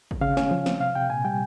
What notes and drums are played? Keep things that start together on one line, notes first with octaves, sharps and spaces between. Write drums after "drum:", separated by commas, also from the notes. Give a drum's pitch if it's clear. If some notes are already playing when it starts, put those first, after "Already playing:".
drum: kick
C#3 F5
C#4, drum: snare
F3
C4, drum: snare
C3 F5
C3 G5
A#2 G#5
G3 G5